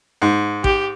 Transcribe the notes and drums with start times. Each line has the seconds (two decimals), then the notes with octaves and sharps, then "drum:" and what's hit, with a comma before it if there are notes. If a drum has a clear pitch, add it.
0.22 G#2
0.64 G4, drum: kick A1